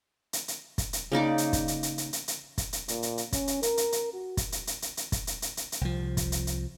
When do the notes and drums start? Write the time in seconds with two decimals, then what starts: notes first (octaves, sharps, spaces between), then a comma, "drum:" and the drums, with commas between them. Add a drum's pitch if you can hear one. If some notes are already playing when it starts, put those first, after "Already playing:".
0.33 drum: hi-hat
0.48 drum: hi-hat
0.78 drum: kick, hi-hat
0.93 drum: hi-hat
1.12 C#3 A#3 D#4 D5
1.38 drum: hi-hat
1.53 drum: kick, hi-hat
1.68 drum: hi-hat
1.83 drum: hi-hat
1.98 drum: hi-hat
2.13 drum: hi-hat
2.28 drum: hi-hat
2.58 drum: kick, hi-hat
2.73 drum: hi-hat
2.88 A#2, drum: hi-hat
3.03 drum: hi-hat
3.18 drum: hi-hat
3.33 C#4, drum: kick, hi-hat
3.47 drum: hi-hat
3.63 A#4, drum: hi-hat
3.77 drum: hi-hat
3.92 drum: hi-hat
4.13 F#4
4.37 drum: kick, hi-hat
4.52 drum: hi-hat
4.67 drum: hi-hat
4.82 drum: hi-hat
4.97 drum: hi-hat
5.12 drum: kick, hi-hat
5.27 drum: hi-hat
5.42 drum: hi-hat
5.57 drum: hi-hat
5.72 drum: hi-hat
5.81 C2 F3
6.17 drum: kick, hi-hat
6.32 drum: hi-hat
6.47 drum: hi-hat